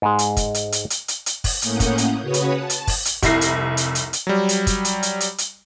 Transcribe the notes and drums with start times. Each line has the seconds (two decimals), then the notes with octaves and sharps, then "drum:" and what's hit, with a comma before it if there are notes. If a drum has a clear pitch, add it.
0.02 G#2 G#3
0.19 drum: hi-hat
0.37 drum: kick, hi-hat
0.54 drum: hi-hat
0.72 drum: hi-hat
0.90 drum: hi-hat
1.08 drum: hi-hat
1.26 drum: hi-hat
1.44 drum: kick, open hi-hat
1.62 A2 A#3 C#4 F#5 D#6 G6, drum: hi-hat
1.80 drum: kick, hi-hat
1.98 drum: hi-hat
2.22 C#3 F#4 B4 C#5 D#6
2.34 drum: hi-hat
2.58 A5
2.70 drum: hi-hat
2.87 drum: kick, open hi-hat
3.05 drum: hi-hat
3.23 F1 C2 E4 A#6 C7, drum: kick, hi-hat
3.41 drum: hi-hat
3.77 drum: hi-hat
3.95 drum: hi-hat
4.13 drum: hi-hat
4.27 F#3 G3
4.49 drum: hi-hat
4.67 drum: kick, hi-hat
4.85 drum: hi-hat
5.03 drum: hi-hat
5.20 drum: hi-hat
5.38 drum: hi-hat